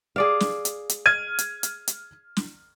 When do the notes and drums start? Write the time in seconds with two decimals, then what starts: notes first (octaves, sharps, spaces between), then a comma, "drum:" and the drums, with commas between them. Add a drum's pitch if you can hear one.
0.16 G#4 D5 F5
0.40 drum: snare
0.65 drum: hi-hat
0.89 drum: hi-hat
1.06 F6 G#6 D#7
1.39 drum: hi-hat
1.63 drum: hi-hat
1.88 drum: hi-hat
2.37 drum: snare